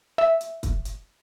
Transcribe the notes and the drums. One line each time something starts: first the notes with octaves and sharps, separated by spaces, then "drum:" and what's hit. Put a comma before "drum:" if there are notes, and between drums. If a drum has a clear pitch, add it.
E5, drum: rim click
drum: hi-hat
drum: kick, hi-hat
drum: hi-hat